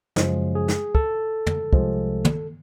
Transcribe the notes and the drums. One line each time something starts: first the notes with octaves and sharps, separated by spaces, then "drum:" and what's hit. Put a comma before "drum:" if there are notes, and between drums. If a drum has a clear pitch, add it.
F#2 C#3 F3 G#3, drum: snare
G#4
drum: snare
A4, drum: kick
drum: tom
C2 C3 F3 G#3, drum: kick
drum: tom